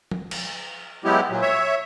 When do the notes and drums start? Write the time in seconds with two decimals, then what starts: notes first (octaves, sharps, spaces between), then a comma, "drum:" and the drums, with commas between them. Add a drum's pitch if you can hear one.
0.11 drum: tom F3
0.31 drum: cymbal
1.04 F#3 G#3 B3 E4 G4
1.30 A#2 F#3
1.41 C#5 E5